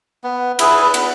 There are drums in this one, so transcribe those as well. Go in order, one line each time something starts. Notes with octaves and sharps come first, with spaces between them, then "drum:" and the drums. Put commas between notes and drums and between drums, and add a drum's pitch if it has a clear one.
B3
E4 G#4 B4, drum: cymbal
B3, drum: cymbal